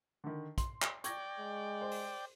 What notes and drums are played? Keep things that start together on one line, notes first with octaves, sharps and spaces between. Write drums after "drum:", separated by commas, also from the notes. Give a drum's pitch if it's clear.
D3 D#3
C6, drum: kick, hi-hat
drum: clap
D5 G5 C#6 G#6 A#6, drum: hi-hat
G#3
C5
drum: open hi-hat